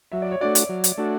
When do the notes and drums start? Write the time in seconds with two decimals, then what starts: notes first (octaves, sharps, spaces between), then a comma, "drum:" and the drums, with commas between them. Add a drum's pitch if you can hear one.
0.12 F#3 E5
0.22 D5
0.31 C#5
0.41 A3 D4 F#4 D5
0.55 drum: hi-hat
0.69 F#3
0.84 drum: hi-hat
0.98 A3 D4 F#4